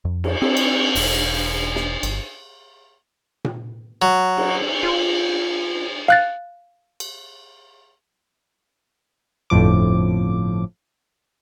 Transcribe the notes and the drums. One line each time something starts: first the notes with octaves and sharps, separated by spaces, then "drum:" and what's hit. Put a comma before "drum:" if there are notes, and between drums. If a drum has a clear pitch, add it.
F2
drum: cymbal
C4, drum: cymbal
drum: cymbal
E1, drum: open hi-hat
drum: snare
G1, drum: cymbal
drum: tom A#2
F#3
drum: cymbal
F4
F5 F#6 A6
drum: cymbal
G1 F2 A2 F3 D6